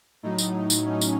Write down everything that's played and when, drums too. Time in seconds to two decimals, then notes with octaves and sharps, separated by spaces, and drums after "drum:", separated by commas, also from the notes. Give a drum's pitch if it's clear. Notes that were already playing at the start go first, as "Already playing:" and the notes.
0.23 A2 F#3 D#4
0.38 drum: tambourine
0.70 drum: tambourine
0.85 C#4
1.01 drum: tambourine